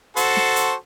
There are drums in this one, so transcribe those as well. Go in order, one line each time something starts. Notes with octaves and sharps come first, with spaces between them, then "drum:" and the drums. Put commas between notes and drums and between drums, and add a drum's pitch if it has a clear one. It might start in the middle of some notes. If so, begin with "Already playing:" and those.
F#4 A4 C5, drum: hi-hat
drum: snare
drum: hi-hat